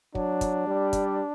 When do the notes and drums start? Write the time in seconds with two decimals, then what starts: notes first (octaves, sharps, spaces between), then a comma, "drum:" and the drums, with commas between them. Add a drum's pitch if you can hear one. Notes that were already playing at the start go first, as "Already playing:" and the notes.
0.15 F#3 D4, drum: kick
0.41 drum: kick, hi-hat
0.67 G3
0.93 drum: kick, hi-hat